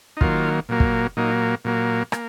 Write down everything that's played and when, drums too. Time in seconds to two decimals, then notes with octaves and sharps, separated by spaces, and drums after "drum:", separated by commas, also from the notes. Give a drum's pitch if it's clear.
0.17 D#4
0.21 D#3 F#3 A#3 F4, drum: kick
0.69 A#2 F#3 A#3
0.80 drum: kick
1.17 A#2 F#3 A#3 D#4
1.65 A#2 F#3 A#3
2.12 A#3, drum: rim click